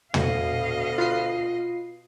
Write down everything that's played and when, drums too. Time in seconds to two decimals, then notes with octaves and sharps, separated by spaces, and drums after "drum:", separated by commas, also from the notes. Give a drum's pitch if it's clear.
0.14 D2 B2 D#5 F5, drum: tom
0.98 F4 B4 C7